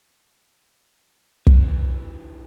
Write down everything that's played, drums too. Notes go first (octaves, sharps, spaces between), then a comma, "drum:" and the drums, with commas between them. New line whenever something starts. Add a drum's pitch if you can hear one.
D2 E3, drum: kick